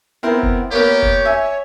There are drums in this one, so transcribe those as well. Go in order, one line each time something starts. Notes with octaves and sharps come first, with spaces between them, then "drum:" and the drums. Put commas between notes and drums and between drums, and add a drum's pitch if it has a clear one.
B3 C4 E4 A#4
drum: kick
A#3 B3 G4 A#4 C#5
drum: kick
E5 G#5